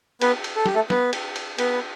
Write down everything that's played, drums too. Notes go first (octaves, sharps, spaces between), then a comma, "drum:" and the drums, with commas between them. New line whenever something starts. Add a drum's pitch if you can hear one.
B3 B4, drum: cymbal
drum: cymbal
A4
G4, drum: snare
A3 A4
B3 B4, drum: snare
drum: cymbal
drum: cymbal
B3 B4, drum: cymbal